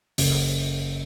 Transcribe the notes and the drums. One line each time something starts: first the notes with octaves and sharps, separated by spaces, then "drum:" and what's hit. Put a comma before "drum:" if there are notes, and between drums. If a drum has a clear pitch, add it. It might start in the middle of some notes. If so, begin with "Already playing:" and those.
F#1, drum: open hi-hat